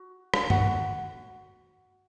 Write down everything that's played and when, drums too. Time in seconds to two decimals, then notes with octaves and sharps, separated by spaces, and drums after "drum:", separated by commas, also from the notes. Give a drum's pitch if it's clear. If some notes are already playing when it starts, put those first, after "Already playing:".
Already playing: F#4
0.34 drum: rim click
0.50 F#4 F#5, drum: tom